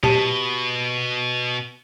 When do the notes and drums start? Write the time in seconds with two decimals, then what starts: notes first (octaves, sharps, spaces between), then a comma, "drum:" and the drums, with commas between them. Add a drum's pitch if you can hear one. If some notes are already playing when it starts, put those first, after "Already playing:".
0.03 B2 G4 A5, drum: tom